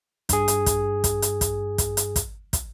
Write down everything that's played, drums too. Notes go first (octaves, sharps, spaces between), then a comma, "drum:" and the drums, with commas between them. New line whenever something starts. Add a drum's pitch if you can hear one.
G2 G#4, drum: kick, hi-hat
drum: hi-hat
drum: kick, hi-hat
drum: kick, hi-hat
drum: hi-hat
drum: kick, hi-hat
drum: kick, hi-hat
drum: hi-hat
drum: kick, hi-hat
drum: kick, hi-hat